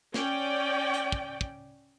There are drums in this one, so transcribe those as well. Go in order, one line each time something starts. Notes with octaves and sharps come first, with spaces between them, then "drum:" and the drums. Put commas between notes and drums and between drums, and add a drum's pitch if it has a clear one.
C#4 D5 G5, drum: snare
drum: hi-hat
drum: kick
drum: kick